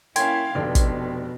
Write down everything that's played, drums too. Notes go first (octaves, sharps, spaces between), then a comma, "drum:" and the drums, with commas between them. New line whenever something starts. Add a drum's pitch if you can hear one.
A#3 C#4 E4 F5 G5 G#5 C6 G#6, drum: hi-hat
F1 B2 D4 A4
drum: kick, hi-hat